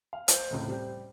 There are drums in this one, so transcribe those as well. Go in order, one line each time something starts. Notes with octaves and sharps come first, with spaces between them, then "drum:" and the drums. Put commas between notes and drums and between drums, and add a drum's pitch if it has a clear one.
F5
C5, drum: hi-hat
F1 C#2 A2
G3 C5